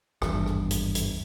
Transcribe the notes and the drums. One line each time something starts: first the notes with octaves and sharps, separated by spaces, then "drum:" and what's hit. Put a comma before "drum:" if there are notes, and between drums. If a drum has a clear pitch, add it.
G#1 E2 G2, drum: rim click
drum: rim click
drum: hi-hat
drum: hi-hat